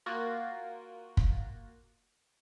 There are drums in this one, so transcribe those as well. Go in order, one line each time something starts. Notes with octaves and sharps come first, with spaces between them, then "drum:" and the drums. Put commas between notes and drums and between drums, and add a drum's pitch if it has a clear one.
A#3 F4 F#4 A#4
drum: kick